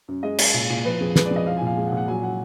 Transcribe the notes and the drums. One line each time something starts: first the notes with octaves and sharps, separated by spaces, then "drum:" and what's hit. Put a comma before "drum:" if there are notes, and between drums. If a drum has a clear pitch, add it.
F#2
G#3 D#5
G#3, drum: cymbal
A#2
A#2
F3 B4
F2 G#4
G#3 B4, drum: snare
D5
F2
D#5
F3 F5
G#5
A#2
F5
G#3
F#5
A#2
F#5
F#3 G#5
F#3 F#5